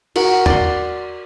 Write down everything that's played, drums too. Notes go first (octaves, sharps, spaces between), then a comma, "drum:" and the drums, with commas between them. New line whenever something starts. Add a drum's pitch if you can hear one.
F#4 A#4 F#5, drum: cymbal
D5 C6, drum: tom E2